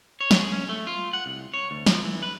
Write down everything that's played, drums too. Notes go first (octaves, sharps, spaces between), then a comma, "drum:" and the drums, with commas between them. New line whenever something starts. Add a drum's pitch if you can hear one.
C#5
drum: snare
G#4
C#4
A3
F4
F#5
C2
C#5
D2
F3, drum: snare
E3
B4